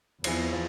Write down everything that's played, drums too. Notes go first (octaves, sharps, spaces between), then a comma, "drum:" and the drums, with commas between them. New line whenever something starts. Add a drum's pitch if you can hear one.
E2 F3 C4 E4 G#4, drum: cymbal
F3